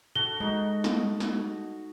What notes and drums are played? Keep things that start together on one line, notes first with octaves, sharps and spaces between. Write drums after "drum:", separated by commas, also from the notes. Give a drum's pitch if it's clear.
F#4 A4 G7
G#3 D#4 F#4
drum: snare
drum: snare